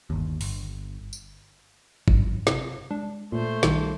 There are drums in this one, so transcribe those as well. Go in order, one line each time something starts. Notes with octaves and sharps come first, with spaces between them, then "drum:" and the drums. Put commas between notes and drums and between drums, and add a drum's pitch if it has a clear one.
G1 D#2
G1, drum: open hi-hat
drum: tambourine
G#1 G2 F#3, drum: kick G#1
C3, drum: snare
G#3 D4
A#2 A3 C5
B1 D#3 G3, drum: snare